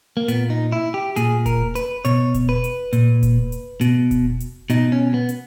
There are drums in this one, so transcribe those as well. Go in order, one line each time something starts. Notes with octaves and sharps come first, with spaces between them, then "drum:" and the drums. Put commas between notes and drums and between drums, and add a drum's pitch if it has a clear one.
A#3
A#2 B3, drum: hi-hat
D#4
E4
G4
A#2 G#4, drum: hi-hat
A#4, drum: kick E1, hi-hat
B4, drum: hi-hat
B2 C#5, drum: hi-hat
drum: kick E1, hi-hat
B4
drum: hi-hat
A#2, drum: hi-hat
drum: kick E1, hi-hat
drum: hi-hat
B2, drum: hi-hat
drum: kick E1, hi-hat
drum: hi-hat
B2 D#4, drum: hi-hat
C#4
B3
drum: hi-hat